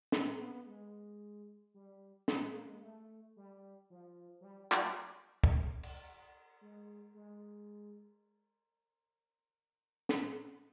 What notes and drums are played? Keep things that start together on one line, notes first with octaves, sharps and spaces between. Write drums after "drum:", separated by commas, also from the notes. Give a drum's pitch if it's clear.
A#3, drum: snare
B3
G#3
G3
F3, drum: snare
G#3
A#3
G#3
A3
G3
F3
F#3
G3
F#3, drum: clap
drum: kick
drum: cymbal
G#3
G#3
drum: snare